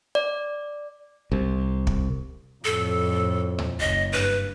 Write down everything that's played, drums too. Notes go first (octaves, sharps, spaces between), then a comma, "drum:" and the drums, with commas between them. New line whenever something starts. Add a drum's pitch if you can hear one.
D5
C2
drum: kick
F2 A2 A4
drum: tom D#2
F#1 D#5
G2 B4